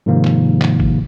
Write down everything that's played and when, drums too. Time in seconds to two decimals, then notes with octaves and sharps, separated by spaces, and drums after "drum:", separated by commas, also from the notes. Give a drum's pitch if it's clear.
0.06 G#2 C3 D#3 F3 A#3
0.25 drum: clap
0.61 drum: clap
0.80 drum: kick